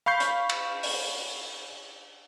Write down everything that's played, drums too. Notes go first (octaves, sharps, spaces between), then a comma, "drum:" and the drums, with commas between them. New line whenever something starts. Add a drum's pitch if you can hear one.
F5 B5 C#6 G6 C7
drum: hi-hat
drum: cymbal
drum: open hi-hat